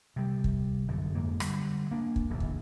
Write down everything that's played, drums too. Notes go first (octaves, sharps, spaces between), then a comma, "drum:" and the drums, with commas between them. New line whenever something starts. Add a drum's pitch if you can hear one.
C3 G3
drum: kick
G1 F#2 D3
G1 F2 G#2 A#3
D3 G3, drum: rim click
A#3 D4
drum: kick
D1 A#1 E2
drum: kick